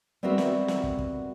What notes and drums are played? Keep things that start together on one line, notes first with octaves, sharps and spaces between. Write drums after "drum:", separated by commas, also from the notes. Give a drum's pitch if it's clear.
G3 B3 C4 F#4 A#4 E5
drum: snare
drum: snare
drum: kick
drum: kick